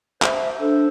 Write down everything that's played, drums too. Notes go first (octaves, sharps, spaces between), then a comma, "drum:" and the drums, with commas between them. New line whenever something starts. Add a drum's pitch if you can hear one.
C5 E5, drum: clap
D4 A4 C5